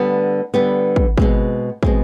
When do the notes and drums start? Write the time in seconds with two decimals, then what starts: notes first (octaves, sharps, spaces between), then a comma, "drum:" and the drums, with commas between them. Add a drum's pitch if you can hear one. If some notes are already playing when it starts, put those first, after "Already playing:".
Already playing: D3 G3 B3
0.54 D3 G3 B3
0.96 drum: kick
1.18 B2 G#3 C4, drum: kick
1.83 B2 G#3 C4, drum: kick